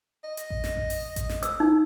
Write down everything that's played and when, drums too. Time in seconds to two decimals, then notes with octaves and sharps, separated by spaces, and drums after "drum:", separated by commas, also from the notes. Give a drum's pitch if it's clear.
0.24 D#5
0.37 drum: hi-hat
0.50 drum: kick A1
0.64 drum: snare
0.77 drum: kick A1
0.90 drum: open hi-hat
1.16 drum: kick A1, hi-hat
1.29 drum: snare
1.43 E6, drum: hi-hat
1.60 D#4